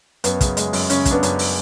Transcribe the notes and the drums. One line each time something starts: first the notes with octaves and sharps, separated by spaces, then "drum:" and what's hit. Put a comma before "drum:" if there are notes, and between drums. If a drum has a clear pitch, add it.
F#2 B3, drum: hi-hat
C#3, drum: kick, hi-hat
G#3, drum: hi-hat
F#2, drum: open hi-hat
C#3 C#4, drum: hi-hat
C#3, drum: kick, hi-hat
B3 D4
F#2, drum: hi-hat
drum: open hi-hat